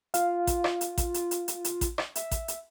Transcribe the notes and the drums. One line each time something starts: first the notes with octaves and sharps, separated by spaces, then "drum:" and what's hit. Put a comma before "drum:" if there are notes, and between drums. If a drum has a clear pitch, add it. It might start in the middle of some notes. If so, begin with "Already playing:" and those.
F4 F5, drum: hi-hat
drum: kick A1, hi-hat
drum: rim click
drum: hi-hat
drum: kick A1, hi-hat
drum: hi-hat
drum: hi-hat
drum: hi-hat
drum: hi-hat
drum: kick A1, hi-hat
drum: rim click
E5, drum: hi-hat
drum: kick A1, hi-hat
drum: hi-hat